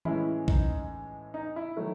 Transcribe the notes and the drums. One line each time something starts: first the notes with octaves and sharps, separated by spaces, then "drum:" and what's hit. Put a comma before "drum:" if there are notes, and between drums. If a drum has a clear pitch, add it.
A2 E3 G#3 C#4 E4, drum: tom
D#4, drum: kick A#1
D#4
E4
D#3 F#3 A3